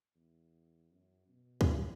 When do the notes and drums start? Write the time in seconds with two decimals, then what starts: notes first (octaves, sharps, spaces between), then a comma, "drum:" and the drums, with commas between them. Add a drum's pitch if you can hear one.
0.15 E2
0.91 F#2
1.28 B2
1.61 drum: kick